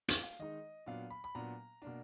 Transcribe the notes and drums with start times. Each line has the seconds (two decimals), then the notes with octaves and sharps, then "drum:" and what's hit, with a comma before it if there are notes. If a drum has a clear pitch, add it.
0.08 F5, drum: hi-hat
0.23 F5
0.39 D#3 G#3 D#4 D#5
0.86 A#2 F#3 B3 D4 F5
1.10 B5
1.24 B5
1.35 A#2 F#3 B3 D4 A#5
1.82 B2 A#3 D4